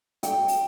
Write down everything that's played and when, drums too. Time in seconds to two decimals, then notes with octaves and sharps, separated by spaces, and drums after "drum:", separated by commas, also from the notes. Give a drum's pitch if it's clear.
0.23 G5, drum: hi-hat
0.48 drum: open hi-hat